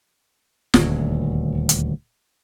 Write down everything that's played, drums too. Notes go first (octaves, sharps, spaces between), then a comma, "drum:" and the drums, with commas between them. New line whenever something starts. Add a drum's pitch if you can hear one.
D#1 D2, drum: snare
drum: hi-hat